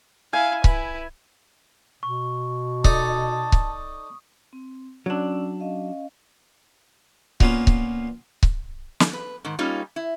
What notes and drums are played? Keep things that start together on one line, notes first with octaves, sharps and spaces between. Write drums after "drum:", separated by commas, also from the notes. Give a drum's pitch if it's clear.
E4 F5 G#5
E4 B4, drum: kick C#1
B2 C#6
D#4 A4 D5 A5 D#6, drum: kick C#1
drum: kick C#1
C4
F#3 C#4 D4 D5 E6
C#4 D#5 F5
A#2 A#3 B3 C#4 F4, drum: kick C#1
drum: kick C#1
drum: kick C#1
drum: snare
B4
G#2 D#3
G3 A#3 C#4 D#4 F4
E4